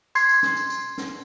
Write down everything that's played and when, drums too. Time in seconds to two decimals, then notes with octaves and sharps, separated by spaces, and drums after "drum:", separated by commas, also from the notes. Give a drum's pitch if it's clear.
0.15 C6 G#6 C7, drum: tambourine
0.29 drum: tambourine
0.43 drum: snare
0.56 drum: tambourine
0.70 drum: tambourine
0.98 drum: snare